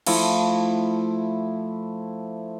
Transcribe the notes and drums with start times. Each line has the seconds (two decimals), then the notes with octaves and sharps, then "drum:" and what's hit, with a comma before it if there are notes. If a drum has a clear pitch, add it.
0.06 F3 A3 E4, drum: cymbal